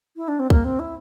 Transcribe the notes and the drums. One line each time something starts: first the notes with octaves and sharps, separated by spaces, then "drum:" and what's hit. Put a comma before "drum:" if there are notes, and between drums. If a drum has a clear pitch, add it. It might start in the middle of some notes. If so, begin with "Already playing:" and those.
E4
D4
C4
A#3, drum: kick
C4
E4